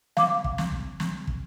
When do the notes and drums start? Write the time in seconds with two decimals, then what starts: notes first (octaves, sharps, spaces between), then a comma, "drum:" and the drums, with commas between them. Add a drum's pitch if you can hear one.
0.17 F5 D6, drum: snare
0.44 drum: kick
0.58 drum: snare
0.72 drum: kick
1.00 drum: snare
1.27 drum: kick